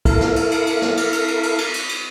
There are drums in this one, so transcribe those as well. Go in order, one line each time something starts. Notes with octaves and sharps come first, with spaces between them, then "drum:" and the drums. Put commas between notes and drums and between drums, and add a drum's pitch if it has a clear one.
E4 A4 A#4 F5, drum: kick, cymbal
drum: snare
drum: cymbal
drum: cymbal
drum: cymbal
drum: snare
drum: cymbal
drum: cymbal
drum: cymbal
drum: cymbal
drum: cymbal
drum: cymbal
drum: cymbal